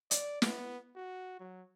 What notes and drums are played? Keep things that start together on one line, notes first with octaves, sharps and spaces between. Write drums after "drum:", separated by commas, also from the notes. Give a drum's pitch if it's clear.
D5, drum: hi-hat
B3, drum: snare
F#4
F#3